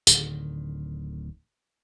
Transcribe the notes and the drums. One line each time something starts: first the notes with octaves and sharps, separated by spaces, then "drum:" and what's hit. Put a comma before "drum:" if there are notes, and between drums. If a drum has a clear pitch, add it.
D1 D3 D#3, drum: tambourine